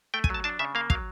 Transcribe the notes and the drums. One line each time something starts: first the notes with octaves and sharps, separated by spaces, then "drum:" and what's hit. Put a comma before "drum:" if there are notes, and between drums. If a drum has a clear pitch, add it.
A3 G5
G#5, drum: kick
F#3 A5
D4 A5
C#3 E5
A#3 F5
F#3 F5, drum: kick